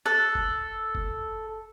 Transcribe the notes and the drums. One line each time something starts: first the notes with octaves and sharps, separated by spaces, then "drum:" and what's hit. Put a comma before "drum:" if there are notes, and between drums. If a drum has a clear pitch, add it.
A4 F#6
drum: kick F1
drum: kick F1